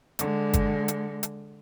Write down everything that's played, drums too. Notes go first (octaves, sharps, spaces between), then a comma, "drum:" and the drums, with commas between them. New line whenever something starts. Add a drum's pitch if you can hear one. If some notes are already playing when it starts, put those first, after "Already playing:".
D3 G#3, drum: hi-hat
drum: kick, hi-hat
drum: hi-hat
drum: hi-hat